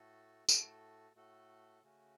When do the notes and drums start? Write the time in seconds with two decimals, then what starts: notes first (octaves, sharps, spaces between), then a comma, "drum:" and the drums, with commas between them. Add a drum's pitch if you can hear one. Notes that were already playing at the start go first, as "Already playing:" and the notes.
Already playing: A2 A3 F#4 A4
0.49 A2 A3 F#4 A4, drum: tambourine
1.15 A2 A3 F#4 A4
1.82 C#3 A3 C#4 F#4